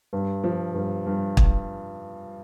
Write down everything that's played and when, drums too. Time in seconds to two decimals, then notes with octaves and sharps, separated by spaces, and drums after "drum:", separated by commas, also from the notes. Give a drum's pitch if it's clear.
0.13 G2
0.44 F3
0.74 G2
1.07 G2
1.37 drum: kick